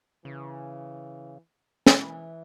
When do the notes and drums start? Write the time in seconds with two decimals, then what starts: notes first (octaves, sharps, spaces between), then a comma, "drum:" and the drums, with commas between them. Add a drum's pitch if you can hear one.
0.25 C#3 E3
1.87 E3 A#3, drum: snare